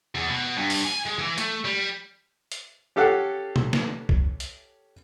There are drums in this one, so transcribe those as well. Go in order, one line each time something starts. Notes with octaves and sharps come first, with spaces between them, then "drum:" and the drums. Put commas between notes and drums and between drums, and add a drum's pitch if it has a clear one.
E2
B2
G2
drum: open hi-hat
G#5
G#3
E3
A3, drum: hi-hat
G3
drum: hi-hat
C#4 G4 A4 F5 F#5
drum: tom A#2
drum: snare
drum: kick B1
drum: hi-hat